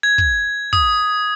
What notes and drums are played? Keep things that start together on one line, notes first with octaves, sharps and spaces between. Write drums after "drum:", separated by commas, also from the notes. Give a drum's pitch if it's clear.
G#6
drum: kick
D#6, drum: kick